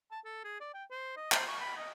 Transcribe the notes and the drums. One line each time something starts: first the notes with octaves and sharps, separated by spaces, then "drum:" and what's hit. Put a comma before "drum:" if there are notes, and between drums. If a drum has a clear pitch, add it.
A5
A4
G#4
D5
G5
C5
D#5
C5, drum: clap
C#6
B5
D#5